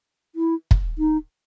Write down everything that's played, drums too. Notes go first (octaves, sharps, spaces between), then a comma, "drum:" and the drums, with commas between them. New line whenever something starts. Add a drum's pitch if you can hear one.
E4
drum: kick
D#4